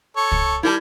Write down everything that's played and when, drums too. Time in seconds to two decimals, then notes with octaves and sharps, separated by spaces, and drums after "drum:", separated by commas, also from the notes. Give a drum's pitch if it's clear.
0.17 A4 C#5
0.32 drum: kick
0.63 G3 E4 A#4 A5